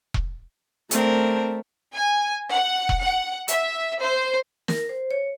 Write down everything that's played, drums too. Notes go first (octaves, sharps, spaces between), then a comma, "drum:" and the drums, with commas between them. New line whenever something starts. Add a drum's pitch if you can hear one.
drum: kick E1
A3 C4 D4 A#4, drum: hi-hat
G#5
F#5
drum: kick E1
F#5
E5, drum: hi-hat
C5
A#4, drum: snare
C5
C#5